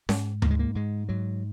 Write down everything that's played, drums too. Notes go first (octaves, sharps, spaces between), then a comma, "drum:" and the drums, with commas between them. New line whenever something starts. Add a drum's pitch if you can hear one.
G#2, drum: snare C#4
G#2 A#3, drum: tom D2
G#3
A#3
G#2 G#3
G#2 F#3